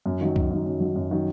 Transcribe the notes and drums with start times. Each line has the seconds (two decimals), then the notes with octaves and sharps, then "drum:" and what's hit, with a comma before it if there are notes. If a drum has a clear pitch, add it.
0.06 F#2
0.21 D#3 F#3
0.36 F#2, drum: kick
0.51 D#3 F#3
0.66 F#2
0.80 D#3 F#3
0.96 F#2
1.11 D#3 F#3